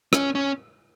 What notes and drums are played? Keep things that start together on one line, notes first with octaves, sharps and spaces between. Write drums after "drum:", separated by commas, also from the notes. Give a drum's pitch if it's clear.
C#4, drum: rim click
C#4